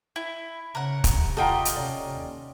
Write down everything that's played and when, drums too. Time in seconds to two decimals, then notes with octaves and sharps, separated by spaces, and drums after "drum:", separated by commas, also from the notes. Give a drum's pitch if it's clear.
0.16 E4
0.75 C#3 C#4 A#4 F#5
1.04 C3, drum: kick, hi-hat
1.37 F4 G4 A4 D#5 F#5 A#5
1.65 drum: hi-hat
1.76 C3 C#4 D5
2.17 D#2